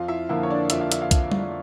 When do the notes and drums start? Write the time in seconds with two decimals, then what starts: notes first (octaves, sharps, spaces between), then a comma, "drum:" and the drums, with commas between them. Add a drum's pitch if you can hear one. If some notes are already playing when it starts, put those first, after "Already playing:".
Already playing: F2 F4 F5
0.08 E4 E5
0.29 D3 F3 A#3 E4 E5
0.43 C#5
0.50 D4 D5
0.70 F2 E5, drum: hi-hat
0.81 F5
0.92 E5, drum: hi-hat
1.02 F5
1.11 drum: kick B1, hi-hat
1.32 drum: tom G3